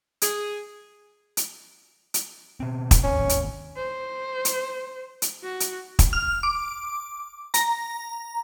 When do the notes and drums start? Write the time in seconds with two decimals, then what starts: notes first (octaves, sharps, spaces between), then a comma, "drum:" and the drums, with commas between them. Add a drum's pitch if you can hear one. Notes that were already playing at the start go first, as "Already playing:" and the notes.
0.22 G#4, drum: hi-hat
1.37 drum: hi-hat
2.14 drum: hi-hat
2.60 B2 C4
2.91 drum: kick, hi-hat
3.04 D1 G#1 D#2 C#4
3.29 drum: hi-hat
3.77 C5
4.45 drum: hi-hat
5.22 drum: hi-hat
5.43 F#4
5.60 drum: hi-hat
5.99 drum: kick, hi-hat
6.13 F6
6.43 D6
7.54 A#5, drum: hi-hat